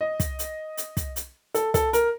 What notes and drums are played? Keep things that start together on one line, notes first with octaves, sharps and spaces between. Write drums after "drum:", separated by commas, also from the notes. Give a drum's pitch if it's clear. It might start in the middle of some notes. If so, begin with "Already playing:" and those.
D#5
drum: kick, hi-hat
drum: hi-hat
drum: hi-hat
drum: kick, hi-hat
drum: hi-hat
A4, drum: hi-hat
A4, drum: kick, hi-hat
A#4, drum: hi-hat